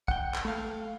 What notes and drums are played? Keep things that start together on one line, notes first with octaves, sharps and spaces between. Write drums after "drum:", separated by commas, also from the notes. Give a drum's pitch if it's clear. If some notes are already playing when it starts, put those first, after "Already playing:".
F#5 G5, drum: kick
drum: clap
A3 F5